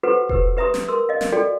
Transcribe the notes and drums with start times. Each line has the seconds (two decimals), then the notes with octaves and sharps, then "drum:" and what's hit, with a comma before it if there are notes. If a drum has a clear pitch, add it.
0.03 F#4 G4 A4 B4 C5 F#5
0.29 G4 B4 E6, drum: kick E1
0.57 G4 B4 E5 A#5 C6 D#6
0.74 drum: snare
0.88 A#4 C6 E6
1.09 D#5 F5
1.21 drum: snare
1.32 F#4 A4 D5 G5